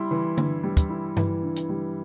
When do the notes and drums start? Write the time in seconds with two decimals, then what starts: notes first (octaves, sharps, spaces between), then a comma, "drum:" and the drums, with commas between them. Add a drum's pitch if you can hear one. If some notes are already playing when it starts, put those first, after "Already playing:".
Already playing: G3 E4 C6
0.11 E3
0.37 G2, drum: tom D3
0.63 G3
0.77 drum: kick, hi-hat
0.90 E4
1.17 E3, drum: tom G2
1.43 G2
1.56 drum: hi-hat
1.69 G3